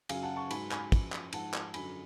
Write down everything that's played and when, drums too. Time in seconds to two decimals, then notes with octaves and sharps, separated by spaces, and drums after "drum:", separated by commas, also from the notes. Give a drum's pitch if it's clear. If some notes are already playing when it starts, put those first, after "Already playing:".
0.09 F#2 C#3 F#3 F5 G#5, drum: cymbal
0.23 F#5 A5
0.36 A5 C#6
0.51 G#2 F#3 G#5 B5, drum: cymbal
0.71 G#5 B5, drum: clap
0.92 F#2 F3, drum: kick, cymbal
1.12 drum: clap
1.33 G#2 F3 F#5 A5, drum: cymbal
1.54 drum: clap
1.74 F#2 D3 F#3 G#5 B5, drum: cymbal